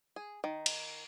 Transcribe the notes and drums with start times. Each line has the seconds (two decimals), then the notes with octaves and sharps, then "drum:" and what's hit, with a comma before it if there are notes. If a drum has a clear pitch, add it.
0.16 G#4
0.44 D#3
0.66 drum: cymbal